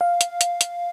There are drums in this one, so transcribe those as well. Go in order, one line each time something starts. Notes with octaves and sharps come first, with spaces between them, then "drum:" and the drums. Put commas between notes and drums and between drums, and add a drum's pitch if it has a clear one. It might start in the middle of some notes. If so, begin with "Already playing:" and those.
F5
drum: hi-hat
drum: hi-hat
drum: hi-hat